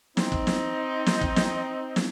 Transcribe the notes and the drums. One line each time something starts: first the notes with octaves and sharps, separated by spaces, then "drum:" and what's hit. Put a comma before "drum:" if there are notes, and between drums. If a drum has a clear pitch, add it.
C4 D#4, drum: snare
drum: kick
drum: snare
drum: snare
drum: kick
drum: snare
drum: snare